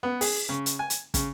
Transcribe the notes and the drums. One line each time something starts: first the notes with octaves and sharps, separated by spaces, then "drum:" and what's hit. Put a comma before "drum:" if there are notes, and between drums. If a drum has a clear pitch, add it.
B3
G#4, drum: open hi-hat
C#3
drum: hi-hat
G#5
drum: hi-hat
C#3, drum: kick, hi-hat